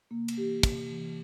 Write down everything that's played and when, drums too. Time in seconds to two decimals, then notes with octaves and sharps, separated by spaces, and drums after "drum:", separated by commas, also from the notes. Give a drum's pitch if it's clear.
0.11 C3 A#3
0.28 drum: cymbal
0.37 E3 G4
0.63 C3, drum: kick, cymbal
0.89 E3